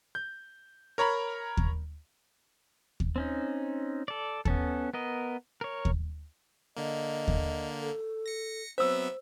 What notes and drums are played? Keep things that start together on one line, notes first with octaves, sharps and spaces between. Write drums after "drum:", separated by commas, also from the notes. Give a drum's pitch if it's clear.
G6
A#4 C#5 A#5 B5
drum: kick D#2
drum: kick D#2
C4 C#4 D#4
A4 D5
B3 C#4 A4, drum: kick D#2
B3 A#4 D#5
A#4 C#5
drum: kick D#2
D3 A#3 D#5
drum: kick D#2
A4
A#6 C#7
F#3 B3 C4 C5 E5 E6